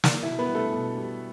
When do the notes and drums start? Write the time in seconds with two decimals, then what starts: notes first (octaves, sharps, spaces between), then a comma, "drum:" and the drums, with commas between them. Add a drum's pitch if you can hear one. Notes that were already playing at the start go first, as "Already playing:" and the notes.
0.04 drum: snare
0.23 B2 E4
0.39 B3 B4
0.47 G3
0.55 A3 A4
0.72 B2
0.97 G3